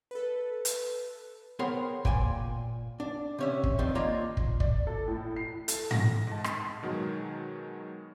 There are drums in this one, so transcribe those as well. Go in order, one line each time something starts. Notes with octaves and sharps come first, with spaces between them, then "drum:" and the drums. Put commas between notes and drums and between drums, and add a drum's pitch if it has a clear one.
A4 B4
drum: hi-hat
B3 G#4 A#4 C5 C#5 G5
A#2 G5 G#5 C6, drum: kick
D4
C3 C#4 E5
drum: kick
D#3 F3 C4 D5
A#3 D4 F4 D#5 A#5
drum: kick
D5, drum: kick
A4
A2
C7
A4, drum: hi-hat
A#6, drum: tom G#2
G#2 A5
drum: rim click
B2 D#3 F#3 G#3